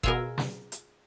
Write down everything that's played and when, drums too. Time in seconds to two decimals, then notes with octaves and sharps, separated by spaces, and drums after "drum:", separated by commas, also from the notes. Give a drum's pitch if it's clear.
0.03 B2 F4 G#4 A#4 E6, drum: kick F#1
0.38 drum: snare
0.72 drum: hi-hat